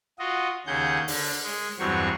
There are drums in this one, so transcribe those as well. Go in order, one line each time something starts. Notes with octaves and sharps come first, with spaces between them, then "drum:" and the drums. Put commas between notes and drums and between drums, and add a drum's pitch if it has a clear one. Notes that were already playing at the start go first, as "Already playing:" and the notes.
F4 F#4 D#5
D#2 C#3 G#4 F#5 G6
D3, drum: open hi-hat
G#3
E2 G2 F#3 C4 C#6